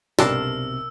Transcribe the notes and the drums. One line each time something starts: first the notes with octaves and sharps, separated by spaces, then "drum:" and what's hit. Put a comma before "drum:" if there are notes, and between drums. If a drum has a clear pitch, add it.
B1 G2 C3 D4 A#4 A5 C6 E6, drum: snare